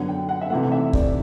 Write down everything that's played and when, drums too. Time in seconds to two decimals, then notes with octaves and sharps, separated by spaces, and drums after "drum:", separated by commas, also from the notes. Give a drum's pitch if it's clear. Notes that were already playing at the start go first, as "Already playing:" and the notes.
Already playing: F#2 D3 F#3 B3 F#5
0.08 G5
0.29 F#5
0.41 E5
0.50 C3 E3 A3 F#5
0.72 E5
0.93 D5, drum: kick